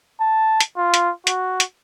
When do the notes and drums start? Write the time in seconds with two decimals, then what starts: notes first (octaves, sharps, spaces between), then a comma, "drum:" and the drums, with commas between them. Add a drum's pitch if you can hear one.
0.21 A5
0.60 drum: hi-hat
0.77 F4
0.94 drum: hi-hat
1.27 F#4, drum: hi-hat
1.60 drum: hi-hat